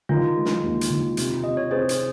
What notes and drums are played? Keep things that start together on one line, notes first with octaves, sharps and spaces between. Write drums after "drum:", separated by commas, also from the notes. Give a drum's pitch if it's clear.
D#3 F4
G#3
drum: snare
D#2
drum: hi-hat
D#3
C3, drum: hi-hat
C3 D#5
C#5
C4 G#4 C5
drum: hi-hat